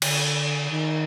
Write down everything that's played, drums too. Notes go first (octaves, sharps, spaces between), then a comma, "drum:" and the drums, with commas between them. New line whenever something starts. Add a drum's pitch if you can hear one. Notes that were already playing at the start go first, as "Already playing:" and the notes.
D3, drum: cymbal
D#3